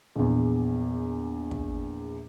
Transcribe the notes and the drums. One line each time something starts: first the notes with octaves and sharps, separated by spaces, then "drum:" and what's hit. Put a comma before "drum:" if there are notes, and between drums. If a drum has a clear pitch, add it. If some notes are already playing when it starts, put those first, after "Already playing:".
A#1 E2
drum: kick